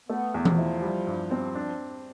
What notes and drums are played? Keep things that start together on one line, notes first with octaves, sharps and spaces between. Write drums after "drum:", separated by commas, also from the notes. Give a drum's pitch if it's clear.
A3 B3
E2
F3, drum: tom E3
E4
G3
G2
C4
D4